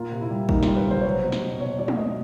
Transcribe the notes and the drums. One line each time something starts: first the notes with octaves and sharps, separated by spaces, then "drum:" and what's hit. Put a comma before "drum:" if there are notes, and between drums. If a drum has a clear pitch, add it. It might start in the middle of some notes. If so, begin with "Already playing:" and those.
Already playing: A#2 A#3 F4
C3
E4
G3
A#3 D#4, drum: kick
G3 F4, drum: snare
B4
C3
C5, drum: tom
F#3 C#5
C5
B2
drum: snare
B2
B2 C#5
F#3 D5
drum: tom
B2 D#5